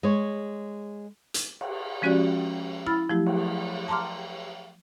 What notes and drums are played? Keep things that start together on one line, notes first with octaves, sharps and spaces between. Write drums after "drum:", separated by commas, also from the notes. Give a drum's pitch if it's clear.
G#3 C#5
drum: hi-hat
drum: cymbal
F3 G#3 C#4 F#4 G4 D5
E4 B5 F6 A6
F3 F#3 A3 E4 G4
drum: cymbal
A5 A#5 C6 D6 F6